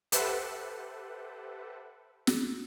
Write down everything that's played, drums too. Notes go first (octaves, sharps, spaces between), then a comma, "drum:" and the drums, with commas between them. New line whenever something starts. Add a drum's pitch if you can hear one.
G4 A4 B4 C5 E5 F#5, drum: hi-hat
drum: snare